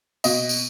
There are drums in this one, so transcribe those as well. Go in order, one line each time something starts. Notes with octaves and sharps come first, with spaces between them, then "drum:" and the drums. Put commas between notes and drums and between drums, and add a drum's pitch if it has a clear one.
B2 D#5, drum: tambourine
drum: tambourine